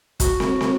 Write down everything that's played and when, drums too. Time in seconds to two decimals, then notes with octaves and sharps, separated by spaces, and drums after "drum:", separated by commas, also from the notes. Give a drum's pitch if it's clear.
0.20 F#4, drum: kick, hi-hat
0.40 drum: snare
0.61 drum: snare